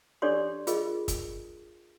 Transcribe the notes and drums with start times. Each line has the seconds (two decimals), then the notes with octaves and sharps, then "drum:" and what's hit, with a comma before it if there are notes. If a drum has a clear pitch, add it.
0.22 D4 G4 A4 C#5 D5 C6
0.67 F4 G#4 A#4 D#5, drum: hi-hat
1.08 drum: kick, hi-hat